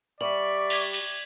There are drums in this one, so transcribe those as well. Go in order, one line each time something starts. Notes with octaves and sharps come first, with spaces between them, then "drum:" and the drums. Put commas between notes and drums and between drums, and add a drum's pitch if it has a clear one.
G3 D5 E5 C#6 F#7
G#6 B6 F7, drum: cymbal
drum: cymbal